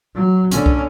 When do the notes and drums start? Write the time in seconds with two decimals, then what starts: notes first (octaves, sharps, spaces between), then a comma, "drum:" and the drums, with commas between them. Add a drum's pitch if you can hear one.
0.15 F#3
0.51 D3 C#4, drum: hi-hat
0.66 drum: kick C2